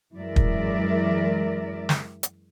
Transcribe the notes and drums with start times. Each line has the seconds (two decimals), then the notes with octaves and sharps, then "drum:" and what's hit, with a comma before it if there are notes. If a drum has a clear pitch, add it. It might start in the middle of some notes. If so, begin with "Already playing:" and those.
0.16 F#2 E3 G#3 A#4 D5 E5
0.36 drum: kick
1.89 drum: snare
2.23 drum: hi-hat